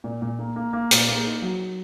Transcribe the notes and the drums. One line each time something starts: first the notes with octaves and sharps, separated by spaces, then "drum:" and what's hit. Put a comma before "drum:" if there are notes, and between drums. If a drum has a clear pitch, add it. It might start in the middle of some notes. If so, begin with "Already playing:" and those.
A#2
A#2
A#3
A#3
A#3
A#2, drum: hi-hat
A#3
D#4
F#3